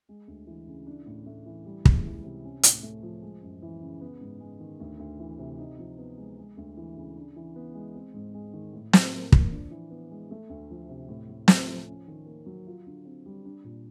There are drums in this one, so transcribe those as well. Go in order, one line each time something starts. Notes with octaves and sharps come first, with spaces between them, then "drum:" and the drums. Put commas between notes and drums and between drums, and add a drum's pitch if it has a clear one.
G#3
D2
E3
C#3
D4
A2
A3
E3
G3
C#2, drum: kick
E3
C3
C#4
A2, drum: hi-hat
A3
F3
G#3
F#2
E3
C#3
B3
G#2
G#3
D#3
D2
D2
E3
C3
D#4
F3
B3
G#3
G#3
D2
E3
C#3
D4
E3
B3
G#3
C4
G#2
G#3
D#3
A2
A2, drum: snare
A#3
F3, drum: kick
D4
E3
B3
G#3
A3
D2
F3
C3
A2
A2
A3, drum: snare
F3
C#4
D#3
A#3
F#3
F4
D3
C4
G3
D4
A#2